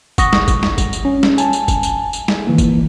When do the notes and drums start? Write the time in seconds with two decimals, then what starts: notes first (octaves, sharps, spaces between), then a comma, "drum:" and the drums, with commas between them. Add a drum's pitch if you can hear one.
0.18 F#5 C#6 D#6 A#6, drum: kick F#1, tambourine
0.33 drum: snare
0.48 drum: kick F#1, tambourine
0.63 drum: snare
0.78 drum: kick F#1, tambourine
0.93 drum: tambourine
1.05 C#4
1.23 drum: snare
1.38 G#5 A5, drum: tambourine
1.53 drum: tambourine
1.68 drum: kick F#1, tambourine
1.83 drum: tambourine
2.13 drum: tambourine
2.28 drum: snare
2.47 D#3 E3 A#3
2.58 drum: kick F#1, tambourine